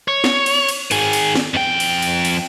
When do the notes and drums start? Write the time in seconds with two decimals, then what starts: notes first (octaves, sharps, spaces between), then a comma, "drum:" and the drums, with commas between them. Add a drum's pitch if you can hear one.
0.08 C#5
0.24 drum: snare
0.46 drum: cymbal
0.68 drum: cymbal
0.91 D#3 G#4, drum: cymbal
1.13 drum: cymbal
1.35 drum: snare
1.54 F2 G5
1.80 drum: cymbal
2.02 drum: cymbal
2.25 drum: cymbal